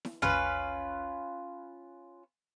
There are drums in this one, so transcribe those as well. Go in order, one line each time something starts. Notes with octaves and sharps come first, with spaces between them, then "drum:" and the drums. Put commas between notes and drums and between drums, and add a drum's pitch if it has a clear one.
drum: snare E4
C#4 F4 B4, drum: tom